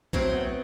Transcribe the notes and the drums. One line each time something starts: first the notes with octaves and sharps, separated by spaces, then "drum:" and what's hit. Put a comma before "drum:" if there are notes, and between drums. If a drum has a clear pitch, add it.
A2 F#3 C4, drum: kick
B3